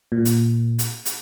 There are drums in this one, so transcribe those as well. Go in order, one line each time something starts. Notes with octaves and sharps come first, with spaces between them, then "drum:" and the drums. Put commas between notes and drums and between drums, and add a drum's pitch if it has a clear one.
A#2
drum: hi-hat
drum: hi-hat
drum: hi-hat